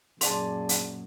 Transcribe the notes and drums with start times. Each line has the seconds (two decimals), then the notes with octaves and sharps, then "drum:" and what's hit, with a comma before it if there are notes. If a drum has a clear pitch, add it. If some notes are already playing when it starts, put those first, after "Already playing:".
0.21 F#2 A#2 G#4 D5 A5 C6, drum: hi-hat
0.69 drum: hi-hat